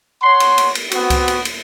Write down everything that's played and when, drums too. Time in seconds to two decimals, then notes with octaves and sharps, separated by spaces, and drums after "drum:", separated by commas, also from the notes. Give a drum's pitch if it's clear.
0.23 C#5 F#5 C6
0.40 drum: cymbal
0.58 drum: cymbal
0.75 drum: cymbal
0.91 B3 C4 F#4, drum: cymbal
1.10 drum: kick C#2, cymbal
1.28 drum: cymbal
1.45 drum: cymbal